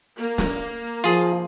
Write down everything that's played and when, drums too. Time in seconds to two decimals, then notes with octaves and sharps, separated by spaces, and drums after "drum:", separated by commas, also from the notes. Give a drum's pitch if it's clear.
0.18 A#3
0.38 drum: snare
1.04 F3 F4 G#4